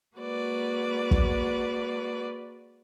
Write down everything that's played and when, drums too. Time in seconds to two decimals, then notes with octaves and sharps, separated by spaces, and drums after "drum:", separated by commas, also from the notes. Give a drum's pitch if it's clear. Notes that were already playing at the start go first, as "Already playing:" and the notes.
0.16 G#3 A#3 F#4 B4 D5
1.11 drum: kick